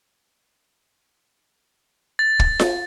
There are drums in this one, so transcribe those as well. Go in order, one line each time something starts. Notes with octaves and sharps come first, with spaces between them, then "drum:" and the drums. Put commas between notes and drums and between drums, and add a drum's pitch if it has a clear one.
A6
drum: kick
drum: snare F4